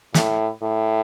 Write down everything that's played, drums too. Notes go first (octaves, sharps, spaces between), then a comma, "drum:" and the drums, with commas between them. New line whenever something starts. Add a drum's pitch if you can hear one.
A2, drum: snare
A2